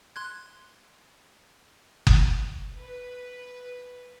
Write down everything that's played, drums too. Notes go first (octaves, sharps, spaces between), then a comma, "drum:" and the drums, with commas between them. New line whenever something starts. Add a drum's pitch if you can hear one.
C6 F#6 G#6
drum: kick F#1
B4